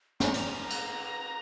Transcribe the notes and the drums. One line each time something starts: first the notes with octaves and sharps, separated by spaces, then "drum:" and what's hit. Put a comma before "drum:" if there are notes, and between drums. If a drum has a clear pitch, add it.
A#5, drum: snare
drum: cymbal
drum: cymbal